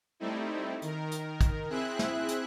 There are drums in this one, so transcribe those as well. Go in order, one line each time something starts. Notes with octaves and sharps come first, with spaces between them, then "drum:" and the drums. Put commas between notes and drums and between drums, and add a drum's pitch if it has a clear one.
G3 A3 C4 D#4 E4
D#3 A#4, drum: hi-hat
drum: hi-hat
drum: kick, hi-hat
C4 E4 G#4 E5 F#6
drum: snare
drum: hi-hat